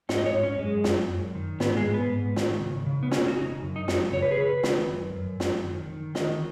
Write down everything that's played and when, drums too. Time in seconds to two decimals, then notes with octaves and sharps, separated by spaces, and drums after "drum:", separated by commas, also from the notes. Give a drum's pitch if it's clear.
0.09 G#2 D#4, drum: snare
0.18 D#5
0.26 C#5
0.34 G#2
0.43 C#4
0.59 F#2 G#3
0.84 F#2, drum: snare
1.10 F#2
1.35 D#3
1.60 G#2 B3, drum: snare
1.77 G#3
1.85 G#2
1.94 B3
2.11 G#2
2.36 D#3, drum: snare
2.62 C#3
2.86 C#3
3.03 B3
3.11 C#3 C#4, drum: snare
3.28 F#4
3.37 C#3 D#4
3.63 F#2
3.76 D#4
3.88 F#2 F#4, drum: snare
4.13 C#3 C#5
4.22 B4
4.31 G#4
4.39 C#3 B4
4.63 D#3, drum: snare
4.89 F#2
5.15 F#2
5.40 F#2, drum: snare
5.65 D#3
5.90 D#3
6.15 D#3 D#5, drum: snare